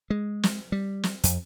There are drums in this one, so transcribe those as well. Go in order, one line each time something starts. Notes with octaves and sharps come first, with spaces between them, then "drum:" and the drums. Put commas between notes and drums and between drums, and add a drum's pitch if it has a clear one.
G#3
drum: snare
G3
drum: snare
F2, drum: hi-hat